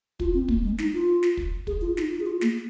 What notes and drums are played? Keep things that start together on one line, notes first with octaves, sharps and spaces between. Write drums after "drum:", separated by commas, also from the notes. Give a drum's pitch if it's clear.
F4, drum: kick
C4
A#3, drum: kick
G#3
D#4, drum: snare
F4
drum: snare
drum: kick
G#4, drum: kick
F4
D#4, drum: snare
F4
G#4
F4
A#3, drum: snare